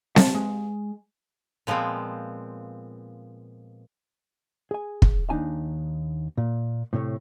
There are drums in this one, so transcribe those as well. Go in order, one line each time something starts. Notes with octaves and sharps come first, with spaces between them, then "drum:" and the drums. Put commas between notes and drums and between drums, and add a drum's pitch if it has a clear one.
A5, drum: snare C4
G#3
A#2 F3 G#3 B3 C4
G#4 G#5
drum: kick
D#2 D4 D#4 G#5 A5
A#2
A2 C3 A3 C#5